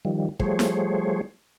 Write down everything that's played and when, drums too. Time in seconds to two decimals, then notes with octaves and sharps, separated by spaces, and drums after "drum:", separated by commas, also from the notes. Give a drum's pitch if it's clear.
0.05 D#3 F3 G3
0.40 F3 G3 A3 G#4 C5 C#5, drum: kick
0.59 drum: snare